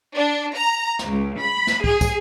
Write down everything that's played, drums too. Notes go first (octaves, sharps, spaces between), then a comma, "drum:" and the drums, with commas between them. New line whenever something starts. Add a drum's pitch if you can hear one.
D4
A#5
drum: snare
C#2
B5
drum: snare
G#4, drum: kick
drum: kick, tambourine